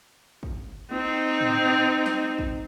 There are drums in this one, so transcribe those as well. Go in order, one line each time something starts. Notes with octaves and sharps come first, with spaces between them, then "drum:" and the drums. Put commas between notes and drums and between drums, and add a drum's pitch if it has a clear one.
drum: kick
C4 D#4
drum: tom A2
drum: snare
drum: kick